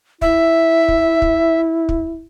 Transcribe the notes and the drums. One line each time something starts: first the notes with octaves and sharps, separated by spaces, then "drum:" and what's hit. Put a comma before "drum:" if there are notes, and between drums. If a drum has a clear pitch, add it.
E4 E5, drum: kick
drum: kick
drum: kick
drum: kick